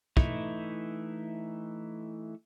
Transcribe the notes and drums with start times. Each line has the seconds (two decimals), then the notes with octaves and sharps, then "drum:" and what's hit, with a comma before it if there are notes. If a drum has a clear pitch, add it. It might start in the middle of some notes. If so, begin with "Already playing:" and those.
0.17 E3 A3 D#4 E4, drum: kick